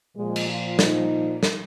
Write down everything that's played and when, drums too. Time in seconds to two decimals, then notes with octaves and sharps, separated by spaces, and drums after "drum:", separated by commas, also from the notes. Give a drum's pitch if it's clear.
0.16 A#2 F3 G#3
0.36 drum: cymbal
0.48 F4
0.79 D#4, drum: snare
1.43 drum: snare